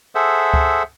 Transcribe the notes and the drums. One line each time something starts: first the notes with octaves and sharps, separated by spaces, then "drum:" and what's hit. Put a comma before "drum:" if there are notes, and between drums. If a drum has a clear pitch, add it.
G#4 A4 C5 E5 F#5
drum: kick C#2